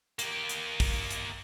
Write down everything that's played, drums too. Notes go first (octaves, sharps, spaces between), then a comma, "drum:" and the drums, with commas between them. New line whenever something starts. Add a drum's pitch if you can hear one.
A#3 G4, drum: hi-hat
drum: hi-hat
drum: kick, open hi-hat
drum: hi-hat